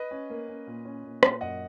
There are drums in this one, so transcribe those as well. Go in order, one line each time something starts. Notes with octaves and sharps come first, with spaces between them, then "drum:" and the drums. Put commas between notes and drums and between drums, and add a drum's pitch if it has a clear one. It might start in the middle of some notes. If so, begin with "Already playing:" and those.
Already playing: B4 D#5
C#4
A#3
C#4
A#2
C#4
A#2
A#2, drum: rim click
F#2 D#5 F#5